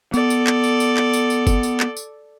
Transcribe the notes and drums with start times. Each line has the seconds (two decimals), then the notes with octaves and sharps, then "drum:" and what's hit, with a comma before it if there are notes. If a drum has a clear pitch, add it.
0.14 B3 A4 D5, drum: tambourine
0.30 drum: tambourine
0.47 drum: clap
0.64 drum: tambourine
0.80 drum: tambourine
0.97 drum: clap
1.13 drum: tambourine
1.30 drum: tambourine
1.47 drum: kick, tambourine
1.63 drum: tambourine
1.80 drum: clap
1.97 drum: tambourine